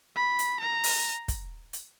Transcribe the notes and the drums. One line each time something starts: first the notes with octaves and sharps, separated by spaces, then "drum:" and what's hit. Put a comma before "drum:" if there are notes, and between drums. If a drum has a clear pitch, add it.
B5
drum: hi-hat
A#5
drum: open hi-hat
drum: kick, hi-hat
drum: hi-hat